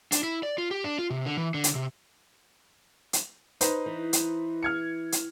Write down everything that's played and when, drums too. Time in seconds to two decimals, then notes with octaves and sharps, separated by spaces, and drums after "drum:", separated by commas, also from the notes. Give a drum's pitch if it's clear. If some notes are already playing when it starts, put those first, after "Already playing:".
0.12 D4, drum: hi-hat
0.23 E4
0.43 D5
0.58 F4
0.71 G4
0.84 D4
0.99 F4
1.10 C3
1.26 D3
1.37 E3
1.54 D3
1.64 drum: hi-hat
1.75 C3
3.13 drum: hi-hat
3.61 D#4 B4 C5, drum: hi-hat
3.86 E3
4.13 drum: hi-hat
4.63 F6 G#6 C#7
5.12 drum: hi-hat